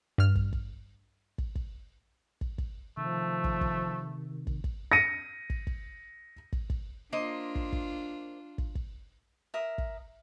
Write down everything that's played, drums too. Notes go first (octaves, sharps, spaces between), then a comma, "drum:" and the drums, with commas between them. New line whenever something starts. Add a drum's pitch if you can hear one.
G2 F6
drum: kick
drum: kick
drum: kick
drum: kick
drum: kick
drum: kick
C3 D#3 F3 A3
drum: kick
drum: kick
drum: kick
drum: kick
A#6 C#7 D#7
drum: kick
drum: kick
drum: kick
drum: kick
A#3 D4 F4 C5 D#5
drum: kick
drum: kick
drum: kick
drum: kick
A#4 E5 D#6
drum: kick